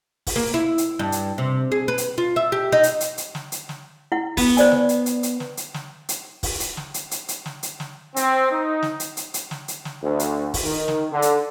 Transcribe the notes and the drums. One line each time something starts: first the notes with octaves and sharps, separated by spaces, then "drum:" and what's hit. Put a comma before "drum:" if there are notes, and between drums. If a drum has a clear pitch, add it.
drum: kick, open hi-hat
A#3
E4
drum: hi-hat
G2
drum: hi-hat
C3
G#4
B4
drum: hi-hat
F4
E5
G4
D#4
drum: hi-hat
drum: hi-hat
drum: hi-hat
drum: snare
drum: hi-hat
drum: snare
E4 F#5
B3, drum: kick, open hi-hat
C5 D5 G#5, drum: hi-hat
drum: snare
drum: hi-hat
drum: hi-hat
drum: hi-hat
drum: snare
drum: hi-hat
drum: snare
drum: hi-hat
drum: kick, open hi-hat
drum: hi-hat
drum: snare
drum: hi-hat
drum: hi-hat
drum: hi-hat
drum: snare
drum: hi-hat
drum: snare
C4, drum: hi-hat
D#4
drum: snare
drum: hi-hat
drum: hi-hat
drum: hi-hat
drum: snare
drum: hi-hat
drum: snare
D2
drum: hi-hat
drum: kick, open hi-hat
D#3
drum: snare
D3
drum: hi-hat